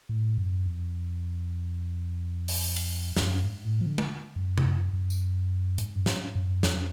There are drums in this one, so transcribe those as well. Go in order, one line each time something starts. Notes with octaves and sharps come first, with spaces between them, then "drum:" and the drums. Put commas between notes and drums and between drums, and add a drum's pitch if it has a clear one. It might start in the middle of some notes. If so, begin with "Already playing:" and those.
A2
F#2
F2
drum: open hi-hat
drum: cymbal
F2, drum: snare
F#2
G#2
A2
F3
D3
drum: tom
F#2
F2, drum: tom
F#2
F#2
drum: tambourine
G#2, drum: hi-hat
F#2
G#2, drum: snare
F#2
F2, drum: snare